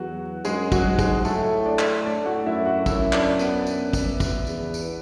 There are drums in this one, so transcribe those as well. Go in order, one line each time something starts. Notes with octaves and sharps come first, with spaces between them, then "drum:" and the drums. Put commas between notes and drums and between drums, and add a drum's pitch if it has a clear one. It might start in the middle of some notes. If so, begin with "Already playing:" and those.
Already playing: E2 F#3 F#4
F#2 G#3 G#4, drum: tambourine
F#3 F#4, drum: kick, tambourine
G#2
G#3 G#4, drum: kick, tambourine
A2 A3 A4, drum: tambourine
D4 D5
drum: clap
A2 D4 D5
F#4 F#5
F#2 E4 E5
F#4 F#5
F#2 E4 E5, drum: kick, tambourine
D4 D5, drum: clap
B3 B4, drum: tambourine
drum: tambourine
drum: kick, tambourine
drum: kick, tambourine
E2, drum: tambourine
drum: tambourine